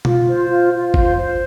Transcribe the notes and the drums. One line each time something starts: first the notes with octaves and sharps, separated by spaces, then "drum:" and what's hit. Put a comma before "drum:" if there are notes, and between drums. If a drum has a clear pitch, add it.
F4, drum: tom B2
C5
F4
F4
C5, drum: kick
C5